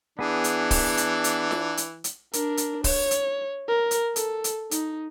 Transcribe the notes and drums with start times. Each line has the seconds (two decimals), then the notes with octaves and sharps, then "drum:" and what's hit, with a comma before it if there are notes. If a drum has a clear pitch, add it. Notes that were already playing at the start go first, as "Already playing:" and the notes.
0.19 E3 B3 D4 G#4
0.44 drum: hi-hat
0.71 drum: kick, open hi-hat
0.97 drum: hi-hat
1.24 drum: hi-hat
1.51 drum: snare F4
1.77 drum: hi-hat
2.04 drum: hi-hat
2.33 D4 A#4, drum: hi-hat
2.57 drum: hi-hat
2.84 C#5, drum: kick, open hi-hat
3.11 drum: hi-hat
3.68 A#4
3.91 drum: hi-hat
4.16 A4, drum: hi-hat
4.44 drum: hi-hat
4.71 D#4, drum: hi-hat